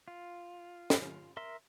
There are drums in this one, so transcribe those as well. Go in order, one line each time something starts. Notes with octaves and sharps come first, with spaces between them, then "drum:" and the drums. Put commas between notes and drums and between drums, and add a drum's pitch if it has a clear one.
F4
drum: snare
A#4 E5 C6